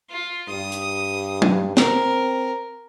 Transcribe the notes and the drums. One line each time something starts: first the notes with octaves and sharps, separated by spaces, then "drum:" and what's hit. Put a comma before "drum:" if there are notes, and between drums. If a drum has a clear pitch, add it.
F4
G2 D#6
drum: hi-hat
drum: tom F#3
C4 A#4, drum: snare